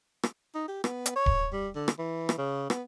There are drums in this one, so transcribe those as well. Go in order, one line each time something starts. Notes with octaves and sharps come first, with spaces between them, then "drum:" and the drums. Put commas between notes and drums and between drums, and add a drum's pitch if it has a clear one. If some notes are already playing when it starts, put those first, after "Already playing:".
drum: rim click
D#4
G4
B3, drum: rim click
drum: hi-hat
C#5
drum: kick D1
G3
D3
drum: rim click
E3
drum: rim click
C#3
B3, drum: rim click